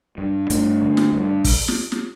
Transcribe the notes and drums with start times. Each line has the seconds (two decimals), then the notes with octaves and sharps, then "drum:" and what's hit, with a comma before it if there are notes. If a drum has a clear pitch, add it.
0.18 G2
0.50 G2 A3 D4, drum: hi-hat
0.81 D3
0.97 drum: snare
1.13 G2
1.44 drum: kick, open hi-hat
1.68 drum: snare
1.92 drum: snare